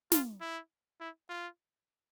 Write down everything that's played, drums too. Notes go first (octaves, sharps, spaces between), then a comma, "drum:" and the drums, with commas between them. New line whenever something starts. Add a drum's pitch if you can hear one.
F4, drum: snare
E4
E4
F4